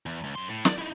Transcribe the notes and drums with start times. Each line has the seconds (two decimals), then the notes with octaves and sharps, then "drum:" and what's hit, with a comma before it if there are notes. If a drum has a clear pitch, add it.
0.06 E2
0.24 C#2
0.36 F#2 C6
0.49 A2
0.65 D5, drum: snare
0.78 D#4 E4